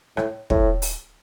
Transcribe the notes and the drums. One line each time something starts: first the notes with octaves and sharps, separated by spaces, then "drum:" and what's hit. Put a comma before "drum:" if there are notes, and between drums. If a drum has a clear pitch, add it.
A2, drum: rim click
A2, drum: kick
drum: open hi-hat